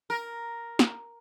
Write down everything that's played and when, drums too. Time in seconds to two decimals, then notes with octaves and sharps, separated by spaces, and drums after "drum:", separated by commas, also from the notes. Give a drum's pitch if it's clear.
0.10 A#4
0.79 drum: snare